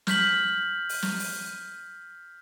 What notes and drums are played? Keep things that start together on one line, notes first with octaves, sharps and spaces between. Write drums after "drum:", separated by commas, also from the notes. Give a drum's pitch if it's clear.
F6 G6 B6 F#7, drum: snare
drum: open hi-hat
drum: snare
drum: open hi-hat